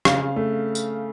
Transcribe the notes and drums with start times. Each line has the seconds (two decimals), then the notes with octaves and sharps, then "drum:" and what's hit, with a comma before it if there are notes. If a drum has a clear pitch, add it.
0.05 C#3 F5, drum: rim click
0.36 A3
0.75 drum: tambourine